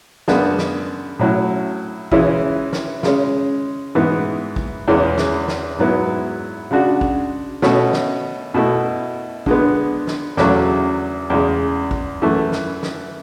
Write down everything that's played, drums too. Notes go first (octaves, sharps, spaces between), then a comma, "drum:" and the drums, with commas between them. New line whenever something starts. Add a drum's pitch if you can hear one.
F#2 C#3 G#3 B3 D4, drum: snare
drum: snare
A2 F#3 C#4 E4
C#3 E3 G#3 C#4 E4, drum: kick
drum: snare
C#3 G#3 C#4, drum: snare
G#2 E3 B3
drum: kick
E2 C#3 E3 G#3 C#4
drum: snare
drum: snare
G#2 F#3 B3 E4
C#3 G#3 D4 F#4
drum: kick
B2 A3 C#4, drum: snare
drum: snare
B2 A3 E4
D3 G#3 B3, drum: kick
drum: snare
E2 C#3 F#3 A3, drum: snare
E2 C#3 G#3
drum: kick
F#2 E3 A3
drum: snare
drum: snare